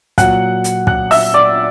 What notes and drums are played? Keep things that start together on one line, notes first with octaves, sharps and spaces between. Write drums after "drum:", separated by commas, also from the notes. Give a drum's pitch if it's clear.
A#2 F#3 F#5 F#6, drum: kick, hi-hat
drum: hi-hat
F#5 F#6, drum: kick
E5 E6, drum: open hi-hat
D5 D6